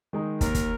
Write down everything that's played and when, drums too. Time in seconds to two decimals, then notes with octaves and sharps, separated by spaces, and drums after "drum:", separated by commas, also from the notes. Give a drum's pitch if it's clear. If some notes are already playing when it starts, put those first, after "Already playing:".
0.13 D#3 G#3 D#4
0.41 D#2 A#4, drum: kick, hi-hat
0.55 drum: kick, hi-hat